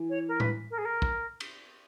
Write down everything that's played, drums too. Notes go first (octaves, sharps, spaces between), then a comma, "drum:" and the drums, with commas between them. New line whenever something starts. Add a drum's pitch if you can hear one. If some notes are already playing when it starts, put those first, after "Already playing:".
Already playing: E3
C#5
A#4
B4, drum: tom A2
A#4
G#4
A#4
drum: kick
drum: cymbal